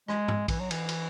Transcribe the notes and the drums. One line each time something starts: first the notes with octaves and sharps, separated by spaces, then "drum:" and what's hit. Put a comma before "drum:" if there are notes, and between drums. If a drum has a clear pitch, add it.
G#3, drum: rim click
drum: tom G#2
E3, drum: kick A#1, cymbal
F#3
E3, drum: cymbal
drum: cymbal